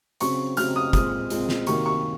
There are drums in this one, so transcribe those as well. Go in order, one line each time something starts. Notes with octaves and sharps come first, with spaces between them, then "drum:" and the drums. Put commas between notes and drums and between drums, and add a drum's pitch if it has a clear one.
C#3 F#3 C4 C#6, drum: hi-hat
C#3 F#3 C4 F6, drum: hi-hat
D#6
A#2 G#3 C4 D#6, drum: kick, hi-hat
A#2 G#3 C4, drum: hi-hat
drum: snare
C3 D#3 F#3 A#3 C#6, drum: hi-hat
C#6